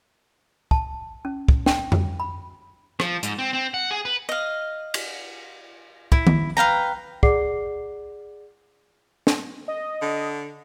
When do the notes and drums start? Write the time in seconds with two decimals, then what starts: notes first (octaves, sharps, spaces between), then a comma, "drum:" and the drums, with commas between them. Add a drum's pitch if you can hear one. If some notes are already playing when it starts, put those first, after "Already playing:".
0.71 A5, drum: kick
1.25 C#4
1.48 drum: kick
1.66 G5, drum: snare
1.92 drum: tom F2
2.20 B5
3.00 F3, drum: rim click
3.23 G#2, drum: hi-hat
3.39 C4
3.53 C4
3.74 F#5
3.91 G#4
4.05 B4
4.29 D#5 F5
4.94 drum: cymbal
6.12 E4, drum: kick
6.27 drum: tom D#3
6.57 B4 F5 G5 A#5
7.23 G#4 D5 F#5 D6 C7, drum: kick
9.27 drum: snare
9.68 D#5
10.02 D3